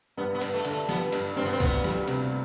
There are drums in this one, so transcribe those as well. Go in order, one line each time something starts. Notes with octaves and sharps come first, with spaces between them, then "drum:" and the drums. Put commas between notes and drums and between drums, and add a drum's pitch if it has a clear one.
G2 B3
B3
G2, drum: cymbal
A3
D3, drum: cymbal
A3
G3 B3, drum: snare
G2, drum: cymbal
G2 C4
B3
C4
D2 B3, drum: kick, cymbal
G3, drum: snare
C3, drum: cymbal